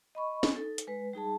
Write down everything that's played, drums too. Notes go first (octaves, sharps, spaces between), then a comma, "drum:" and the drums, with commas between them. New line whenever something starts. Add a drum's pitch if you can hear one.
D#5 B5 C#6
drum: snare
D#4 A4
drum: hi-hat
G#3 B4
G3 D#4 G#4 A5